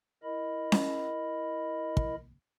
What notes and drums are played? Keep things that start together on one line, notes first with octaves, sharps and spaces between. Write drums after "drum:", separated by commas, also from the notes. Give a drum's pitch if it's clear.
E4 A#4 D#5 B5
drum: snare C#4
drum: kick